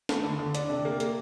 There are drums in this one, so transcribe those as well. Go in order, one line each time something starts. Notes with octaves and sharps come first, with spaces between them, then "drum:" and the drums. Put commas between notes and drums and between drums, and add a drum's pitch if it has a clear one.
A3, drum: snare
D3
D3
D4, drum: hi-hat
C3
A#3
A#3, drum: hi-hat